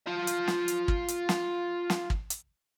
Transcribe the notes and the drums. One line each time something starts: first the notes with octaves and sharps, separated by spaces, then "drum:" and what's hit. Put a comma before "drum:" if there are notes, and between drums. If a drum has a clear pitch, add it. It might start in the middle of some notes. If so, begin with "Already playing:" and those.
F4 A5
drum: hi-hat
drum: snare
drum: hi-hat
drum: kick
drum: hi-hat
drum: snare
drum: snare
drum: kick
drum: hi-hat